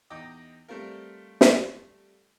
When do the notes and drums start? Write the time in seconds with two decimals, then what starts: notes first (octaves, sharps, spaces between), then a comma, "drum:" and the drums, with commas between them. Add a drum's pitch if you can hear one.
0.10 E2 D#4 D#5 G5 D6
0.68 G3 A3 C4 F4 A#4
1.41 drum: snare